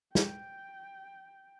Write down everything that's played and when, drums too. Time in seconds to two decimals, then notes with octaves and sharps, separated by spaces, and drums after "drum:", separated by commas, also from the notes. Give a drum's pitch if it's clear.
0.15 G5, drum: snare